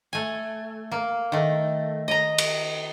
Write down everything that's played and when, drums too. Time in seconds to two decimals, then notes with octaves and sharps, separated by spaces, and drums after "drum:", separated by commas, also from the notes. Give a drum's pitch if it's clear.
0.13 A3 G#5
0.92 A#3
1.32 D#3 A3
2.08 D#5 A#5
2.38 drum: cymbal